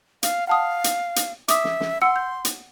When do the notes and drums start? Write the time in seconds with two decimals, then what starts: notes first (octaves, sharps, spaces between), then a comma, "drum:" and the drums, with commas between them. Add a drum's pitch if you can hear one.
0.23 F5, drum: hi-hat
0.47 F5 F#5 A5 D#6
0.84 drum: hi-hat
1.16 drum: hi-hat
1.48 E5 D6 D#6, drum: hi-hat
1.64 drum: snare
1.80 drum: snare
2.02 F#5 C6 E6 C#7
2.16 G6
2.45 drum: hi-hat